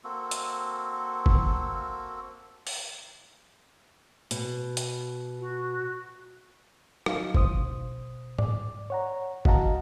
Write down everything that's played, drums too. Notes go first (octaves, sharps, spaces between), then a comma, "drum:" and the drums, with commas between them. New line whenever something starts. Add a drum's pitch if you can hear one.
A#3 C4 F#4 A4
drum: hi-hat
drum: kick F#1
drum: open hi-hat
B2, drum: hi-hat
drum: hi-hat
F#4
F#3 D#4 F5, drum: rim click
B2 C5 D#6, drum: kick F#1
D5, drum: tom G#2
C#5 F#5 A#5
F#4 D#5 F5 F#5 A5 A#5, drum: kick F#1